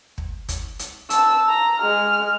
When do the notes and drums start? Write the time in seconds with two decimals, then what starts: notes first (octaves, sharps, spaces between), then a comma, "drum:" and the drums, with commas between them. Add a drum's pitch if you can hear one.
0.18 drum: kick
0.49 drum: kick, hi-hat
0.79 drum: hi-hat
1.10 A5 E6, drum: hi-hat
1.48 A#5
1.80 G#3 F6